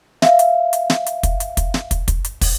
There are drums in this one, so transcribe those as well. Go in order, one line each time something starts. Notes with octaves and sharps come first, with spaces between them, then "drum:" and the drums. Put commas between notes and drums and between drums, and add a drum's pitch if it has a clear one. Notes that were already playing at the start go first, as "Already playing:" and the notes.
E5 F5, drum: snare
drum: hi-hat
drum: hi-hat
drum: snare
drum: hi-hat
drum: kick, hi-hat
drum: hi-hat
drum: kick, hi-hat
drum: snare
drum: kick, hi-hat
drum: kick, hi-hat
drum: hi-hat
drum: kick, open hi-hat